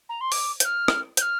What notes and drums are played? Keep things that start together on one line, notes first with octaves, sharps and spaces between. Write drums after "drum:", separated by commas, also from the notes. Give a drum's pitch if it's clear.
A#5
C6
D6, drum: open hi-hat
G6, drum: hi-hat
F6
drum: rim click
G6, drum: hi-hat
F6